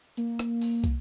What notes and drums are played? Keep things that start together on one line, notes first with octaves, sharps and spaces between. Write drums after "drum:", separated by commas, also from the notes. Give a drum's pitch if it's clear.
A#3, drum: hi-hat
drum: rim click
drum: open hi-hat
drum: kick, hi-hat